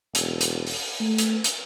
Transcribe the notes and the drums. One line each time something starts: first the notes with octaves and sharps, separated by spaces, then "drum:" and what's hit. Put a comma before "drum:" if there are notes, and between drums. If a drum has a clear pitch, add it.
E1, drum: hi-hat
drum: hi-hat
drum: open hi-hat
A3
drum: hi-hat
drum: hi-hat